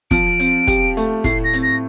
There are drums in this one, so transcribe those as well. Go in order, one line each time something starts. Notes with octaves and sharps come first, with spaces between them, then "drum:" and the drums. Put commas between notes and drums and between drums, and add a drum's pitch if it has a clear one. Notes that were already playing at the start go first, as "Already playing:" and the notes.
F3 D7, drum: kick, hi-hat
C4, drum: hi-hat
G4, drum: kick, hi-hat
A3, drum: hi-hat
A2 C7, drum: kick, hi-hat
A#6
C4, drum: hi-hat
A#6